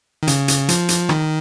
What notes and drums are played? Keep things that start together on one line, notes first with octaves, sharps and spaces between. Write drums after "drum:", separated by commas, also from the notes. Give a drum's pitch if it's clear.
D#3
C#3, drum: hi-hat
drum: hi-hat
F3, drum: hi-hat
drum: hi-hat
D#3, drum: rim click